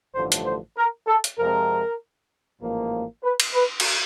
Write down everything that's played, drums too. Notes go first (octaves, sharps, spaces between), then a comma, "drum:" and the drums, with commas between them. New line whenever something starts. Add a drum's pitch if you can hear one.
A1 G2 D3 F3 A3 C5
drum: hi-hat
C5
A#4
A4
drum: hi-hat
F2 C3 F3 G#3 C4 A#4
A1 G#2 F3 A#3
B4
drum: cymbal
B4
drum: cymbal